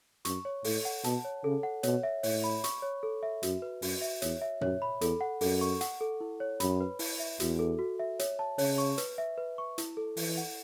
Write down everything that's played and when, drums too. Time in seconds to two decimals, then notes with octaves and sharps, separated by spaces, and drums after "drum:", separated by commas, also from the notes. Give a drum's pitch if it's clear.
0.25 F#2 C#6, drum: hi-hat
0.45 C#5
0.64 A2 A4, drum: open hi-hat
0.85 F#5
1.04 B2 A5, drum: hi-hat
1.25 C#5
1.44 C#3 A4
1.63 F#5
1.83 B2 C#5, drum: hi-hat
2.03 E5
2.23 A2 C#5, drum: open hi-hat
2.44 B5
2.64 C#6, drum: hi-hat
2.82 C#5
3.03 A4
3.23 E5
3.43 F#2 F#4, drum: hi-hat
3.62 B4
3.82 F#2 F#4, drum: open hi-hat
4.02 E5
4.22 E2 C#5, drum: hi-hat
4.41 E5
4.61 F#2 C#5, drum: tom A#2
4.82 B5
5.01 E2 A4, drum: hi-hat
5.21 F#5
5.41 F#2 A4, drum: open hi-hat
5.61 C#6
5.81 F#5, drum: hi-hat
6.01 A4
6.20 E4
6.40 C#5
6.60 F#2 B5, drum: hi-hat
6.80 B4
6.99 E4, drum: open hi-hat
7.19 E5
7.40 E2 F#4, drum: hi-hat
7.59 A4
7.79 F#4
7.99 E5
8.19 C#5, drum: hi-hat
8.39 A5
8.58 C#3 C#5, drum: open hi-hat
8.78 C#6
8.98 B4, drum: hi-hat
9.18 E5
9.38 B4
9.58 C#6
9.78 E4, drum: hi-hat
9.97 A4
10.17 E3 E4, drum: open hi-hat
10.37 F#5